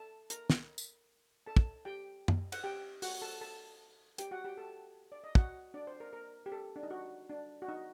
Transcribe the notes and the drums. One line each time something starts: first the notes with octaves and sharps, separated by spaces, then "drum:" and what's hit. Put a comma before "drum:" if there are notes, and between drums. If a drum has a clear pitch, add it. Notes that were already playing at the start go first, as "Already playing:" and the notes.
Already playing: A4 A5
A#4 A#5, drum: hi-hat
drum: snare
drum: tambourine
A4 A5
drum: kick
G4 G5
drum: tom F#2
F#5, drum: cymbal
G4 G5
F#4 F#5, drum: open hi-hat
A4 A5
A4 A5
G4 G5, drum: hi-hat
F#4 F#5
G4 G5
A4 A5
D5
D#5
F#4 F#5, drum: kick
D4 D5
C5
A#4
A#4
G4
A4
D4
D#4
F#4
D4
F#4
D#4